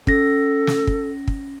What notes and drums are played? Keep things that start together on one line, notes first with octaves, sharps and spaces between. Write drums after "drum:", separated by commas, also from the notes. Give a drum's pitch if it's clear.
C#4 A4 A#6, drum: kick
drum: snare
drum: kick
drum: kick